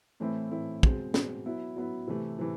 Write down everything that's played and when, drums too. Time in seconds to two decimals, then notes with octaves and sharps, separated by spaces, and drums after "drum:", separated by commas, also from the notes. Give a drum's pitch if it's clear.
0.20 A2 E3 A3 C4 E4
0.51 A2 E3 A3 C4 E4
0.83 B2 G#3 C4, drum: kick
1.14 B2 G#3 C4, drum: snare
1.46 F#3 B3 E4
1.76 F#3 B3 E4
2.07 C3 E3 A3
2.39 C3 E3